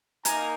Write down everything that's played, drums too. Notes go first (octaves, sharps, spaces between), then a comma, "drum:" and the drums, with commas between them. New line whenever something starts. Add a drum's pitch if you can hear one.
A#3 D#4 G#5 A#5, drum: hi-hat